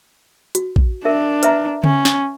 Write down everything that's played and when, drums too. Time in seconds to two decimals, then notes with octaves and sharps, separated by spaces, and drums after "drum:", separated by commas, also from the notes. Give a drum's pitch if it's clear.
0.55 F#4, drum: hi-hat
0.76 drum: kick
1.05 D4 A#4 E5
1.43 B4 E5 A#5, drum: hi-hat
1.84 C#4, drum: tom C#3
2.05 drum: snare